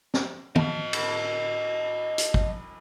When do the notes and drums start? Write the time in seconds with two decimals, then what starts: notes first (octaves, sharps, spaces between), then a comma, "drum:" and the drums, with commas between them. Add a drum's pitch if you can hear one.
0.14 drum: snare
0.56 D#5 A5, drum: tom
0.93 drum: cymbal
2.18 drum: hi-hat
2.34 drum: kick